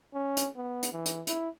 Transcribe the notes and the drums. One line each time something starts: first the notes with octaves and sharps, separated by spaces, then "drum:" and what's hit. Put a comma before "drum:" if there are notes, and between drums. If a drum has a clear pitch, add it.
C#4
drum: hi-hat
B3
drum: hi-hat
E3
drum: hi-hat
E4, drum: hi-hat